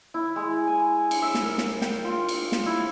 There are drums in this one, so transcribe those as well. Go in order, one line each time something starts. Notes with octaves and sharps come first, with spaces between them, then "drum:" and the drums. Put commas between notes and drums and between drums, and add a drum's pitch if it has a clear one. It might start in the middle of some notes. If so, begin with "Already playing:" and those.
E4
G#3
G#5
drum: cymbal
E5
drum: snare
A#4
drum: snare
G5, drum: snare
F4
drum: cymbal
drum: snare
E4